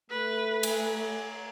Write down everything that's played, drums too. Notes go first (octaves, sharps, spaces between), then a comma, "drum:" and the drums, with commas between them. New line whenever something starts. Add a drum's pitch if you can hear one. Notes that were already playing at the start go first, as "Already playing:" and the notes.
A3 B4
drum: cymbal